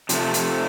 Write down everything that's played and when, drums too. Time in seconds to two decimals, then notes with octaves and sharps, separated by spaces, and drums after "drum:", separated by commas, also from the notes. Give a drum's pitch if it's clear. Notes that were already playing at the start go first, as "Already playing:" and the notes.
0.09 C3 F3 A3, drum: hi-hat
0.34 drum: hi-hat